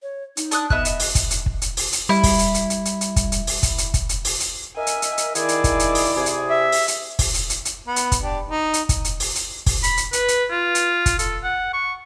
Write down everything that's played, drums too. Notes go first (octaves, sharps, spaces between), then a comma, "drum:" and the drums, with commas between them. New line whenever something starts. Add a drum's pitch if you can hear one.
C#5
D#4, drum: hi-hat
D4 D#6 F#6, drum: hi-hat
B3 D#5 E5 F#6, drum: kick
D#5, drum: hi-hat
drum: open hi-hat
drum: kick, hi-hat
drum: hi-hat
drum: kick
drum: hi-hat
drum: open hi-hat
drum: hi-hat
G3 E4
drum: kick, open hi-hat
drum: hi-hat
drum: hi-hat
drum: hi-hat
drum: hi-hat
drum: hi-hat
drum: kick, hi-hat
drum: hi-hat
drum: open hi-hat
drum: kick, hi-hat
drum: hi-hat
drum: kick, hi-hat
drum: hi-hat
drum: open hi-hat
drum: hi-hat
A#4 D#5 E5 G#5
drum: hi-hat
drum: hi-hat
drum: hi-hat
D#3 E4 G#4 D5, drum: hi-hat
drum: hi-hat
drum: kick, hi-hat
drum: hi-hat
drum: open hi-hat
C3 G#4
drum: hi-hat
E5
drum: open hi-hat
drum: hi-hat
drum: kick, open hi-hat
drum: hi-hat
drum: hi-hat
drum: hi-hat
B3
drum: hi-hat
drum: kick, hi-hat
D4 G4
D#4
drum: hi-hat
drum: kick, hi-hat
drum: hi-hat
drum: open hi-hat
drum: hi-hat
drum: kick, open hi-hat
B5, drum: hi-hat
drum: hi-hat
B4, drum: hi-hat
drum: hi-hat
F4
drum: hi-hat
drum: kick, hi-hat
A4, drum: hi-hat
F#5
C#6